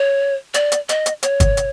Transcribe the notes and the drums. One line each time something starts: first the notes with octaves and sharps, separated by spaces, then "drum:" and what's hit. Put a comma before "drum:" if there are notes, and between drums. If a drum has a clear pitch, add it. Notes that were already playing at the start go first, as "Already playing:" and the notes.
Already playing: C#5
D5, drum: hi-hat
drum: hi-hat
D#5, drum: hi-hat
drum: hi-hat
C#5, drum: hi-hat
drum: kick, hi-hat
drum: hi-hat